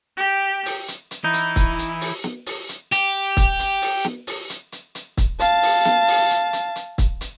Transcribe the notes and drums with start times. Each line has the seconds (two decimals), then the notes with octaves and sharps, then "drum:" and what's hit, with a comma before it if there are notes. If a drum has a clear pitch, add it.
0.17 G4
0.66 drum: open hi-hat
0.88 drum: hi-hat
1.11 drum: hi-hat
1.24 E3 D#4 E4
1.33 drum: hi-hat
1.56 drum: kick, hi-hat
1.79 drum: hi-hat
2.01 drum: open hi-hat
2.24 drum: snare
2.46 drum: open hi-hat
2.69 drum: hi-hat
2.93 G4, drum: hi-hat
3.37 drum: kick, hi-hat
3.59 drum: hi-hat
3.82 drum: open hi-hat
4.05 drum: snare
4.27 drum: open hi-hat
4.50 drum: hi-hat
4.72 drum: hi-hat
4.95 drum: hi-hat
5.17 drum: kick, hi-hat
5.40 F5 A5, drum: hi-hat
5.63 drum: open hi-hat
5.85 drum: snare
6.08 drum: open hi-hat
6.30 drum: hi-hat
6.53 drum: hi-hat
6.76 drum: hi-hat
6.98 drum: kick, hi-hat
7.21 drum: hi-hat